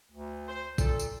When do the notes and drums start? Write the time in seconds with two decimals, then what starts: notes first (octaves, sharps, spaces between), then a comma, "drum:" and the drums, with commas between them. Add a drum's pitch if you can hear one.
0.11 D2
0.48 C5
0.78 A#2 A4, drum: kick A#1, tambourine
1.00 drum: tambourine